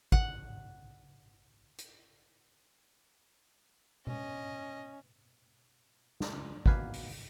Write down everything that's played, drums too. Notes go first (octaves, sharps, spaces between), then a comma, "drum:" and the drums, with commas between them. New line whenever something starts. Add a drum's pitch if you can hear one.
F#5, drum: kick
drum: hi-hat
C#4 D#5, drum: tom B2
drum: snare
C#2
G#1 B2 A#3 B4 F5 G#5, drum: kick
drum: open hi-hat